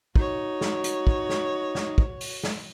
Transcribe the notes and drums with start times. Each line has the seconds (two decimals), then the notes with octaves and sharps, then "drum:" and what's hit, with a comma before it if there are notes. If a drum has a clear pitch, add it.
0.16 D#4 F#4 C#5, drum: kick
0.61 drum: snare
0.84 drum: hi-hat
1.07 drum: kick
1.29 drum: snare
1.75 drum: snare
1.98 drum: kick
2.21 drum: open hi-hat
2.43 drum: snare